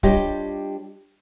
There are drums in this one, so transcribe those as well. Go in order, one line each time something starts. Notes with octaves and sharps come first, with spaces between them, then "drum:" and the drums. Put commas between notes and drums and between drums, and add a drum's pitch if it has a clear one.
G3 D4 F4 G4 C#5 D#5, drum: kick